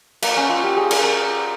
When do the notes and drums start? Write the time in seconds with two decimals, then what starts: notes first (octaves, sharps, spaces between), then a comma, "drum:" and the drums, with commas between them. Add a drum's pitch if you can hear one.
0.22 A#3, drum: cymbal
0.36 C#4
0.49 F4
0.63 G4
0.77 G#4
0.91 A#4, drum: cymbal
1.04 A#4